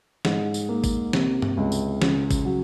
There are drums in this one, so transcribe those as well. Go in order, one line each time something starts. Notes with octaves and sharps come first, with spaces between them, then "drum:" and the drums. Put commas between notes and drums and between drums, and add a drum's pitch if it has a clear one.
G#2, drum: snare
drum: tambourine
A#3
drum: kick, tambourine
C3, drum: snare
drum: tom G2
C#2
drum: tambourine
C#3, drum: snare
drum: kick, tambourine
F#3